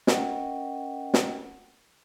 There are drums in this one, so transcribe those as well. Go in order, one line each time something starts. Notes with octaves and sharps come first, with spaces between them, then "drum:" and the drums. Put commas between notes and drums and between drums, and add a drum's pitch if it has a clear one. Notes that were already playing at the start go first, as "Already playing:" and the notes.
C#4 A#4 D#5 F#5 G5, drum: snare
drum: snare